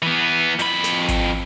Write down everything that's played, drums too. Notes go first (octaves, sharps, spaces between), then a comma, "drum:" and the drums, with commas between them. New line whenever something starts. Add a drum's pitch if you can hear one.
E3 B3
F2 B5, drum: hi-hat
drum: snare
drum: kick G#1, hi-hat